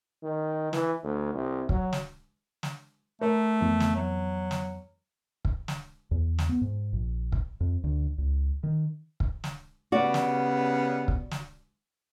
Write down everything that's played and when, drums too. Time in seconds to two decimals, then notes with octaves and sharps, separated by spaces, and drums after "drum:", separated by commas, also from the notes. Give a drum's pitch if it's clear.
0.23 D#3
0.73 E3, drum: snare
1.04 D2
1.34 C2
1.69 F#3, drum: kick
1.93 drum: snare
2.63 drum: snare
3.21 A3 A#4
3.61 F2 E3 B3
3.80 drum: snare
3.96 F#3
4.51 drum: snare
5.45 drum: kick
5.68 drum: snare
6.11 E2
6.39 drum: snare
6.49 B3
6.61 G#2
6.93 A#1
7.32 drum: kick
7.60 F2
7.84 D2
8.18 C#2
8.63 D#3
9.20 drum: kick
9.44 drum: snare
9.92 C#3 G3 B3 F#4 D5
10.14 drum: snare
11.08 drum: kick
11.31 drum: snare